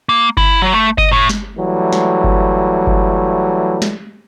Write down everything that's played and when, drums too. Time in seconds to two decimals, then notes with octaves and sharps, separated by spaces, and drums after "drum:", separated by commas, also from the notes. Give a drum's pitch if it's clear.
0.09 A#3
0.37 E4, drum: kick G1
0.62 F#3
0.73 A3
0.98 D#5, drum: kick G1
1.12 A2
1.29 drum: snare
1.58 E3 F#3 G3 A3
1.93 drum: snare
2.24 drum: kick G1
2.87 drum: kick G1
3.82 drum: snare